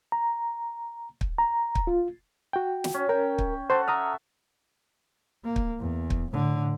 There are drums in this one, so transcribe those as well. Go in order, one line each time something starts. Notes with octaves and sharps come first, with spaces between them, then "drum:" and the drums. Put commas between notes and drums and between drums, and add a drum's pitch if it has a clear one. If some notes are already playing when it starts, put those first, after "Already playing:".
A#5
drum: kick
A#5
drum: kick
F4
F#4 G5
drum: snare
C#4
A#4 G5
drum: kick
F#4 A4 C5
E5 A#5 D#6 F6
A#3
drum: kick
E2
drum: kick
A2 D3